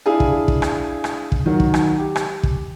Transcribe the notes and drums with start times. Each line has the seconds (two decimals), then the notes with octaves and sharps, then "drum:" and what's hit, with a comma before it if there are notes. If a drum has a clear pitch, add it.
0.06 D4 E4 G#4 F5 G#5
0.20 drum: kick
0.48 drum: kick
0.62 drum: rim click
1.04 drum: rim click
1.32 drum: kick
1.46 D#3 F#3
1.60 drum: kick
1.74 drum: rim click
1.98 G4
2.16 drum: rim click
2.43 drum: kick